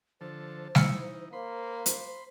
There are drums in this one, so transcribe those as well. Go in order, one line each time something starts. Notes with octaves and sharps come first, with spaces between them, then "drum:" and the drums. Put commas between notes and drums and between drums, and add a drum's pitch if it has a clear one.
D3 F3 A4 C5
E3 D#4 E6 F6 C#7, drum: snare G3
A#3 C5 B5 C6
drum: hi-hat